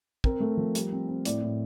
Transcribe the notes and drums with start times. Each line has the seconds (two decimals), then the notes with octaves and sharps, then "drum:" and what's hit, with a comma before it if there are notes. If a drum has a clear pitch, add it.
0.24 C4 A#4, drum: kick
0.40 A3
0.57 F3
0.75 G3, drum: hi-hat
0.92 C4
1.08 C4
1.25 A2 D5, drum: hi-hat
1.43 A2